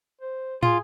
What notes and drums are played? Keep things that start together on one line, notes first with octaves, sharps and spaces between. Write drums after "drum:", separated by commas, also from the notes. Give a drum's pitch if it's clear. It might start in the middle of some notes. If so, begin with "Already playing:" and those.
C5
F4 G#4 C6, drum: tom